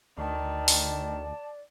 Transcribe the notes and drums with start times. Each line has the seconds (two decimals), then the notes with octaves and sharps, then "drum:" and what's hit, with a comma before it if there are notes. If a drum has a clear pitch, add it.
0.18 D2 D#3 D5 A5
0.68 drum: open hi-hat